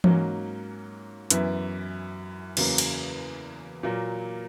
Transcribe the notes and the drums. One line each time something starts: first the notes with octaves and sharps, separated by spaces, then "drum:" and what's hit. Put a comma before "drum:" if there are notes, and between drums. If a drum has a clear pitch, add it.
G#2 F#3 A#3 C#4, drum: tom E3
F#2 E3 B3 E4, drum: hi-hat
E2 C#3 F#3 A#3, drum: cymbal
drum: cymbal
A#2 F#3 A#3